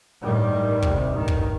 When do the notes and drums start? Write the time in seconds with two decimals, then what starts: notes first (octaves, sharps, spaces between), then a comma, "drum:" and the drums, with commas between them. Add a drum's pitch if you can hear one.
0.22 A1 G2 D#3 G3
0.52 A1 G2
0.82 D2 C3, drum: kick
1.13 A1 G2 D#3
1.28 drum: kick